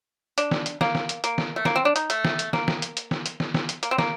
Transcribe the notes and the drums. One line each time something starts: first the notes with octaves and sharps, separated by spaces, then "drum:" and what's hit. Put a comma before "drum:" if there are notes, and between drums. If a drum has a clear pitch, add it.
D4, drum: hi-hat
drum: snare
drum: hi-hat
A#3, drum: snare
drum: snare
drum: hi-hat
A#3, drum: hi-hat
drum: snare
A3
A#3, drum: snare
C4
D4
D#4, drum: hi-hat
A3, drum: hi-hat
drum: snare
drum: hi-hat
A#3, drum: snare
drum: snare
drum: hi-hat
drum: hi-hat
drum: snare
drum: hi-hat
drum: snare
drum: snare
drum: hi-hat
A#3, drum: hi-hat
C4
A#3, drum: snare